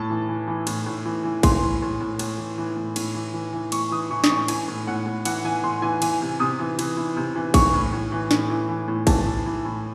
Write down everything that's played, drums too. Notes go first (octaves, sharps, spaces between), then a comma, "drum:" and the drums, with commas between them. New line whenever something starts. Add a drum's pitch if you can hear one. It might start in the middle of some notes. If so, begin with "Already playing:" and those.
Already playing: A2 A5
E3
E3
E3
A2, drum: cymbal
A2
E3
E3
E3 C6, drum: kick A1, cymbal
A2
A2
A2
A2, drum: cymbal
E3
E3
A2
A2, drum: cymbal
E3
E3
E3
A2 C#6, drum: cymbal
E3 D#6
E3 C#6
D#6, drum: snare
A2 C#6
E3 G#5, drum: cymbal
A2
A2 F#5
A2
E3 F#5, drum: cymbal
E3 G#5
A2 C6
E3 G#5
E3 G#5, drum: cymbal
C3
C3 D#6
E3
E3, drum: cymbal
E3
C3
E3
E3 C#6, drum: kick A1, cymbal
A2
A2
E3
A2, drum: snare
E3
E3
A2
E3 A5, drum: kick A1, cymbal
E3
E3
A2